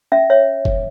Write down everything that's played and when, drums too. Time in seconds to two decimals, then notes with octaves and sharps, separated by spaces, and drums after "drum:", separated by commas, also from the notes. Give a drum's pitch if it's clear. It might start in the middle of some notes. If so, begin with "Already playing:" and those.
0.12 C#4 E5
0.30 C#5 E5
0.65 drum: kick